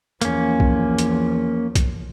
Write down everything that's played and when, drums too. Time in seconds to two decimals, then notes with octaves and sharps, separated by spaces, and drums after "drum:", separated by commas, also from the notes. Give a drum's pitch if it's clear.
0.22 E2 F3 A#3 C#4, drum: hi-hat
0.60 drum: kick
0.99 drum: hi-hat
1.75 drum: kick, hi-hat